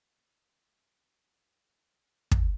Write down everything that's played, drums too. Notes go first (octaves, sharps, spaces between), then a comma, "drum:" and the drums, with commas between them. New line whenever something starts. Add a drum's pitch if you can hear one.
F3 G#3 D4
drum: kick